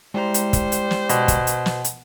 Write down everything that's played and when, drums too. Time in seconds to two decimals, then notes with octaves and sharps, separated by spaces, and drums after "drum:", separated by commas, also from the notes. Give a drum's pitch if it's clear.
0.14 G3 G#3 E4 C5 A#5
0.34 drum: hi-hat
0.53 drum: kick, hi-hat
0.72 drum: hi-hat
0.91 drum: snare
1.09 B2, drum: hi-hat
1.28 drum: kick, hi-hat
1.47 drum: hi-hat
1.66 drum: snare
1.84 drum: hi-hat